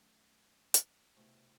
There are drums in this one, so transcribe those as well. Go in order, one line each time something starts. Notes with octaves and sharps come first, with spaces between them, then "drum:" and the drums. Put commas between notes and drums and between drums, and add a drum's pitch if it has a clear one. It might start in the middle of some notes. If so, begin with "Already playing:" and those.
Already playing: F#2 D#3 A3
drum: hi-hat
C2 B2 A3 C4